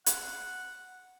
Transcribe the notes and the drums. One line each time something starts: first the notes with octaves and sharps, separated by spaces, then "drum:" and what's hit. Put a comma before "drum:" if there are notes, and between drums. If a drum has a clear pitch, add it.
F#5, drum: hi-hat